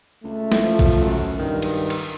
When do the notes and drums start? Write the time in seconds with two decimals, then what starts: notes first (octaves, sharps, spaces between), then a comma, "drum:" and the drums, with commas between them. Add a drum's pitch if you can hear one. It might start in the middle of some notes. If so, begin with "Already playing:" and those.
0.24 C#2 A3
0.52 drum: snare
0.63 F3
0.79 drum: kick, cymbal
1.00 F#2
1.39 G2 D#3
1.62 drum: cymbal
1.90 drum: cymbal